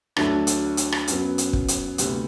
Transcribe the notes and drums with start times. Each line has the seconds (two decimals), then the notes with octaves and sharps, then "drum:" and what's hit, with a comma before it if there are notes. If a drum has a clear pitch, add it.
0.16 D2 D3 F#3 A3 D4, drum: rim click
0.47 drum: hi-hat
0.77 drum: hi-hat
0.92 drum: rim click
1.07 F#2 F#3 B3, drum: hi-hat
1.38 drum: hi-hat
1.53 drum: kick
1.68 drum: hi-hat
1.98 D2 C3 G3 B3, drum: hi-hat